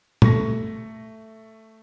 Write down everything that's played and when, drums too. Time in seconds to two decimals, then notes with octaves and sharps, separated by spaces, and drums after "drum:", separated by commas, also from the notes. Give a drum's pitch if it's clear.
0.22 A3 C#6 A#6, drum: tom